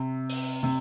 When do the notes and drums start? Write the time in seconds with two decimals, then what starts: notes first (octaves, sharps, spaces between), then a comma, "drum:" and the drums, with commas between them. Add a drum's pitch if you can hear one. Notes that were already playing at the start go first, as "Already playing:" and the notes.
Already playing: C3
0.29 drum: open hi-hat
0.63 C3